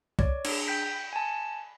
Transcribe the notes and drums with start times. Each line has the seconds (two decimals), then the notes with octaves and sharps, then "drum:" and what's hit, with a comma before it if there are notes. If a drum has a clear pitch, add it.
0.19 C#5 D5, drum: kick C2
0.45 D4 G#4, drum: cymbal
0.68 G5 G6 B6
1.13 G#5 A5